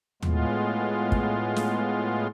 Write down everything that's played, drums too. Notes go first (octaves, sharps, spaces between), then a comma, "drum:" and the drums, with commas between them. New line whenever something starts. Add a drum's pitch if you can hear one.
A2 G#3 B3 F4, drum: tom D#2
drum: kick
drum: snare